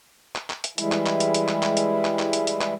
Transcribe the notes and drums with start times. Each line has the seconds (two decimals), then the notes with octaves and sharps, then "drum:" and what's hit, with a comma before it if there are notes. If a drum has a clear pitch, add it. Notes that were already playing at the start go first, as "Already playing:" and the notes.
0.36 drum: clap
0.50 drum: clap
0.64 drum: hi-hat
0.78 E3 G3 G#3 E4, drum: hi-hat
0.92 drum: clap
1.06 drum: clap
1.20 drum: hi-hat
1.34 drum: hi-hat
1.49 drum: clap
1.63 drum: clap
1.77 drum: hi-hat
2.05 drum: clap
2.19 drum: clap
2.33 drum: hi-hat
2.47 drum: hi-hat
2.61 drum: clap